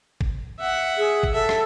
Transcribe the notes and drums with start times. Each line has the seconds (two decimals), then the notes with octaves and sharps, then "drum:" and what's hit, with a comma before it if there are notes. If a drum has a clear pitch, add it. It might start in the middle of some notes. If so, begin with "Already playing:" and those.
0.21 drum: kick G#1
0.59 E5 F#5
0.98 G#4
1.23 drum: kick G#1
1.33 A4 E5
1.49 drum: rim click